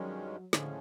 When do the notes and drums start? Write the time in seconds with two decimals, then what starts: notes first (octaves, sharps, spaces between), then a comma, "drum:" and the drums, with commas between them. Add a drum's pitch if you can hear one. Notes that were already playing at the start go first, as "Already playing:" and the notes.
Already playing: G2 D#3 F#3 G#3 C#4
0.53 A2 D3 F3 G#3 C#4, drum: snare